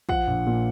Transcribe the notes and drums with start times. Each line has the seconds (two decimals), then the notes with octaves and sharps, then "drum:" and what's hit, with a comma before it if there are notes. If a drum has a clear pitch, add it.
0.09 F3 F#5, drum: kick
0.27 A#1
0.47 A#2